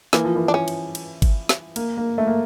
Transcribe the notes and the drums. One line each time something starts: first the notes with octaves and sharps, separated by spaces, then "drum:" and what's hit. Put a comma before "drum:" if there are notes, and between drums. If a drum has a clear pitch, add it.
E3 A#3, drum: snare
F3
E3
D4
C#4
drum: cymbal
drum: cymbal
drum: kick G1, cymbal
drum: snare
A#3, drum: cymbal
A#3
A3
A#3